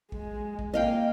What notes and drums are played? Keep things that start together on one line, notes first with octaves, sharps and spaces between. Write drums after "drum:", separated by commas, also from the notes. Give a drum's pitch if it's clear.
G#3, drum: kick A1
drum: kick A1
A#3 D#5 F5 G5